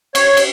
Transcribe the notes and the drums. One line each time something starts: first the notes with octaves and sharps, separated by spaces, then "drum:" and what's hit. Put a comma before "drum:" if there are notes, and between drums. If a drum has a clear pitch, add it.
C#5, drum: cymbal
drum: cymbal